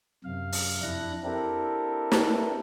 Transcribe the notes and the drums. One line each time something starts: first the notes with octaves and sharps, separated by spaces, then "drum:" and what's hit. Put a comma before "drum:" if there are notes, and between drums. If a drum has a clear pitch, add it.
F#2 C3 F5
drum: open hi-hat
F2 D4 E4 F#6 A#6
C4 D4 E4 G4 A4 A#4
drum: snare